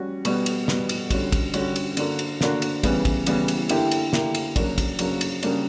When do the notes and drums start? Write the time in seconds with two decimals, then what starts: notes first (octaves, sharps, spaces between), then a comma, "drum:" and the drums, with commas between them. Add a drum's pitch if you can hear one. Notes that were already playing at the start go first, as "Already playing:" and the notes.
Already playing: G3 C#4 F#4
0.25 B2 G3 B3, drum: cymbal
0.46 drum: cymbal
0.68 B2 G3 B3, drum: snare
0.89 drum: cymbal
1.10 D3 G3 C#4 F#4, drum: kick, cymbal
1.32 drum: kick, cymbal
1.54 D3 G3 C#4 F#4, drum: cymbal
1.76 drum: cymbal
1.97 D3 A#3 D4 F#4, drum: cymbal
2.19 drum: cymbal
2.41 D3 A#3 D4 F#4, drum: snare
2.62 drum: cymbal
2.83 C#3 E3 G3 B3, drum: kick, cymbal
3.05 drum: kick, cymbal
3.27 C#3 E3 G3 B3, drum: cymbal
3.48 drum: cymbal
3.69 D3 A#3 E4 G4, drum: cymbal
3.91 drum: cymbal
4.13 D3 A#3 E4 G4, drum: snare
4.35 drum: cymbal
4.56 C#3 F#3 A#3 D4 F#4, drum: kick, cymbal
4.78 drum: kick, cymbal
4.99 C#3 F#3 A#3 D4 F#4, drum: cymbal
5.21 drum: cymbal
5.43 C#3 G3 A#3 D4 F#4, drum: cymbal